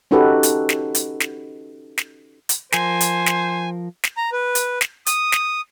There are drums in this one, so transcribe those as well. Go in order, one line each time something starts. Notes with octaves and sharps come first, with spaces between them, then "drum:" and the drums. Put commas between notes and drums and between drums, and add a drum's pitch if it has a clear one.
C#4 D#4 F#4 G4 A4 B4
drum: hi-hat
drum: snare
drum: hi-hat
drum: snare
drum: snare
drum: hi-hat
F3 A#4 C5 G#5, drum: snare
drum: hi-hat
drum: snare
drum: snare
A#5
B4
drum: hi-hat
drum: snare
D#6, drum: hi-hat
drum: snare